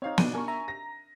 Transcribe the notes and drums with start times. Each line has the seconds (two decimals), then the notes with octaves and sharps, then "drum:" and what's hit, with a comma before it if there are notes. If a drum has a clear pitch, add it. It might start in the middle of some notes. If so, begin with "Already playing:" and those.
0.02 C4 D#4 C#5 F5
0.18 B2 D4 D#7, drum: snare
0.34 D4 A#4 D5 G#5 C#6
0.48 E5 A#5
0.68 A#6